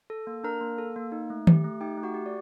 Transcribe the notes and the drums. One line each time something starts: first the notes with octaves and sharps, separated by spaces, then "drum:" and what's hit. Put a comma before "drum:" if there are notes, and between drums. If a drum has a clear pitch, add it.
A4
A#3
D4 A#4 A#5
A#3
A4
A#3
D#4
A3
G4, drum: tom D#3
A3
D#4 G4 G5
A3
F#4 F#5
G4
D5